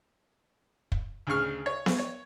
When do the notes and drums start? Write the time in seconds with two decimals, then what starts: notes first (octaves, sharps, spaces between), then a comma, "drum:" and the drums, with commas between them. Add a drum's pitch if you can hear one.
0.92 drum: kick
1.27 D2 C#3 G#4 C#6 F6
1.66 C#5
1.86 drum: snare B3
1.99 C#5